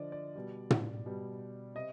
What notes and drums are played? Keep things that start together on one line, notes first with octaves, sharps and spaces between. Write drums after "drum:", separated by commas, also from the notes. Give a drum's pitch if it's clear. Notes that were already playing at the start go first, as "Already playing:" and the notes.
Already playing: D3 F3 D5 D#5
D5
B2 G3
drum: tom
B2 G3
C3 D#5